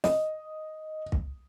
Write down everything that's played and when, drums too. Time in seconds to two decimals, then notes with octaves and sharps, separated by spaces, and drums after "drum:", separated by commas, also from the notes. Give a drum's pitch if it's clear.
0.04 D#5, drum: snare
1.12 drum: kick